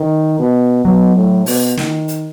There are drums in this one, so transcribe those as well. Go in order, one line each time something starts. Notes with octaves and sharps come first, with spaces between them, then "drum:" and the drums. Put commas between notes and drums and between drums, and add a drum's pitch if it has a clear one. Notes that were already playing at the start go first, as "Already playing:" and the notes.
Already playing: D#3
B2
B2 F#3
A2
B2, drum: open hi-hat
D#3, drum: snare
drum: hi-hat